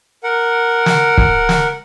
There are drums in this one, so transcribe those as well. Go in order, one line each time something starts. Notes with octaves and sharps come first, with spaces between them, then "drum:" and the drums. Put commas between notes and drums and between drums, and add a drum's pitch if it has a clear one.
A#4 F#5
drum: snare
drum: kick
drum: snare